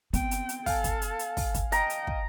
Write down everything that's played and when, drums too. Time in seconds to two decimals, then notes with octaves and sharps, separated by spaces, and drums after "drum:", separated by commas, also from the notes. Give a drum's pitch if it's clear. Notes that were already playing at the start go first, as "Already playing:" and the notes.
0.14 B3 C4 G5, drum: kick, hi-hat
0.31 drum: hi-hat
0.49 drum: hi-hat
0.66 A4 F5 G#5, drum: kick, open hi-hat
0.84 drum: kick, hi-hat
1.02 drum: hi-hat
1.19 drum: hi-hat
1.37 drum: kick, open hi-hat
1.54 drum: kick, hi-hat
1.72 D#5 G5 A#5, drum: hi-hat
1.90 drum: hi-hat
2.07 drum: kick